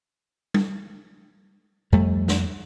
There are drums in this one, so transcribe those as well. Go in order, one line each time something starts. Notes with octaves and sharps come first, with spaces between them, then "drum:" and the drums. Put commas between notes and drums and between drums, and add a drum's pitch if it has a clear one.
drum: tom G3
F2 G3 A3
drum: snare